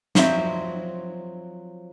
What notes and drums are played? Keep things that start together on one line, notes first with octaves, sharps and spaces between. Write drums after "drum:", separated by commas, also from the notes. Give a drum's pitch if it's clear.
F3 F#3 C4 E5, drum: snare